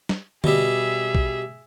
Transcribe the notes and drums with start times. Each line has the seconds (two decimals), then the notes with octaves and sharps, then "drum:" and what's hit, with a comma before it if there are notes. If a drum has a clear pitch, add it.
0.09 drum: snare
0.44 B2 G3 G#4 E5, drum: tom D3
1.15 drum: kick A#1